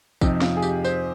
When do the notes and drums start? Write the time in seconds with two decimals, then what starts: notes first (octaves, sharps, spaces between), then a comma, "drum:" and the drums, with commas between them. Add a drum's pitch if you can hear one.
0.21 F2 C3 F3 D#4, drum: kick A#1, tambourine
0.42 F4, drum: snare
0.57 G#4
0.62 G4, drum: tambourine
0.84 C5, drum: tambourine